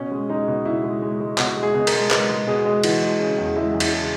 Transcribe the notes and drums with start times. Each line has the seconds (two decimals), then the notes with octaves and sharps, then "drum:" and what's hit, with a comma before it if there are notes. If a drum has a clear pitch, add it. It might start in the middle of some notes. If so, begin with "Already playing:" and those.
Already playing: B2 C#4
0.11 G#3
0.29 G#3 D#4
0.48 B2
0.65 B2 E4
0.84 G#3
1.02 G#3
1.20 G#3
1.38 B2 F#4, drum: clap
1.57 G#3
1.63 G#4
1.74 B2
1.87 A#4, drum: cymbal
1.92 G#3
2.11 G#3 B4, drum: clap
2.29 G#3
2.47 B2 G#4
2.65 G#3
2.84 E3 F#4, drum: cymbal
3.02 G#3
3.19 C#3
3.38 E2
3.56 G#3 E4
3.74 E2
3.80 E4, drum: cymbal
3.92 C#3